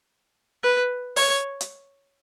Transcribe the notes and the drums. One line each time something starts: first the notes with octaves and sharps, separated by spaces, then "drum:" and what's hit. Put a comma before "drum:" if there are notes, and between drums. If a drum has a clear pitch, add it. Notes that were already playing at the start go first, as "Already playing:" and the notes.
B4
C#5, drum: open hi-hat
drum: hi-hat